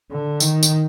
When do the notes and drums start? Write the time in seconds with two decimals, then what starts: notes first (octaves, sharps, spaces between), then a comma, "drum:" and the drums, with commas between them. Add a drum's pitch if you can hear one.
0.11 D3
0.40 D#3, drum: tambourine
0.63 drum: tambourine